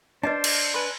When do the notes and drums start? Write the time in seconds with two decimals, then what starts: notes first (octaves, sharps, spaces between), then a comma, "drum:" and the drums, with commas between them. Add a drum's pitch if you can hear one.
0.23 D4 B4 C5 D#5 A5
0.44 drum: cymbal
0.74 B4 G#5 C6